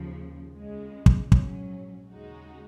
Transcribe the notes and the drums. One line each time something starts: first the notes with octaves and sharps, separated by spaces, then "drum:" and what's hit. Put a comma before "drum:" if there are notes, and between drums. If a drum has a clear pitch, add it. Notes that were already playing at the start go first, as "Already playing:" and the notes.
Already playing: D#2 C#3 F3
C#2 C#3 G#3
drum: kick
A#1 G#2 F#3 C#4, drum: kick
D#2 C#3 G#3 D#4 F#4